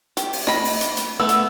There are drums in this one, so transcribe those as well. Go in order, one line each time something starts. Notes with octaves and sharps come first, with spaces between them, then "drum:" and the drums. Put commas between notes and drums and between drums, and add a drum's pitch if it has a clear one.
G4, drum: hi-hat
drum: open hi-hat
D#5 B5, drum: snare
drum: open hi-hat
drum: hi-hat
drum: hi-hat
A3 B3 E6
drum: hi-hat